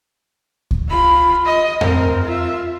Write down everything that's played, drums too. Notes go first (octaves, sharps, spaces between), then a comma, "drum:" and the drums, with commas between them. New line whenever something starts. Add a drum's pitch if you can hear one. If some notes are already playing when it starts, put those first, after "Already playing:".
drum: kick C#2
F4 B5
D#5
C4 A#4, drum: tom F2
F4 E5